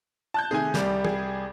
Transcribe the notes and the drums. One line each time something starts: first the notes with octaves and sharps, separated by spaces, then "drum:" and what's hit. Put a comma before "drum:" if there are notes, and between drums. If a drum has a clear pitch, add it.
A5 F#6 G6
C3 D#3 A3 G#4 G#5
C2 G3 G4, drum: snare
G#4, drum: tom